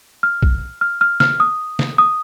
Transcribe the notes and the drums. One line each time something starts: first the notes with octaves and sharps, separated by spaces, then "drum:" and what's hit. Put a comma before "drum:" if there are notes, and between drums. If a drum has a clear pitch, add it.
F6
drum: kick
F6
F6
F6, drum: snare
D#6
drum: snare
D#6